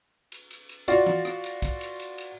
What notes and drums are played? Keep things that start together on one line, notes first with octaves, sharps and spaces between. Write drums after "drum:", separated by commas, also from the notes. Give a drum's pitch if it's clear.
drum: cymbal
drum: cymbal
drum: cymbal
F4 F#4 D5, drum: cymbal
drum: tom
drum: rim click
drum: cymbal
drum: kick, cymbal
drum: cymbal
drum: cymbal
drum: cymbal